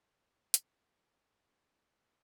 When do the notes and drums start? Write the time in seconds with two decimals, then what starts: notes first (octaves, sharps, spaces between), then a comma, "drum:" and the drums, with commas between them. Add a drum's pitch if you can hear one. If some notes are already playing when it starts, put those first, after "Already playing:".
0.54 drum: hi-hat
1.22 C#5 B5